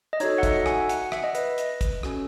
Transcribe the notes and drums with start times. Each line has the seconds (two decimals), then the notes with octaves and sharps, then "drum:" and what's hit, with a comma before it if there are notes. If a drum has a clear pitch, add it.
0.13 D#5
0.20 D#4 F#4 A4 C#5, drum: hi-hat
0.38 F#5
0.43 E5, drum: kick, hi-hat
0.66 G#5, drum: rim click
0.89 F#5, drum: hi-hat
1.12 E5, drum: rim click
1.24 D#5
1.35 B4, drum: hi-hat
1.58 drum: hi-hat
1.81 drum: kick, hi-hat
2.03 C#4 F#4 A4, drum: rim click